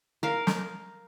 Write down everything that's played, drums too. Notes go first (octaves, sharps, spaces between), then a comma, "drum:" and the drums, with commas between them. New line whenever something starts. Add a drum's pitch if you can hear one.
A#4 F5
drum: snare